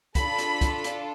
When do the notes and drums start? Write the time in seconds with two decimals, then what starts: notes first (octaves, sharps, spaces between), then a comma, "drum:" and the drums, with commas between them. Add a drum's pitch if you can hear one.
0.15 D4 F4 A4 B5, drum: kick, hi-hat
0.38 drum: hi-hat
0.61 drum: kick, hi-hat
0.84 drum: hi-hat